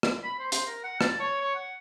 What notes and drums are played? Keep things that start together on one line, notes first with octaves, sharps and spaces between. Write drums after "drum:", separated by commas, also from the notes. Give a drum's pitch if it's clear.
drum: rim click
B5
C5
C5, drum: hi-hat
A#4
F#5
A5, drum: rim click
C#5
C#5
F#5